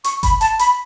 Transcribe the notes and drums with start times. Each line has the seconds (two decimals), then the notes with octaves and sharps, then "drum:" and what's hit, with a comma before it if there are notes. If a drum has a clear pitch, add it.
0.04 C#6, drum: hi-hat
0.23 B5, drum: kick G1, hi-hat
0.41 A5, drum: hi-hat
0.59 B5, drum: hi-hat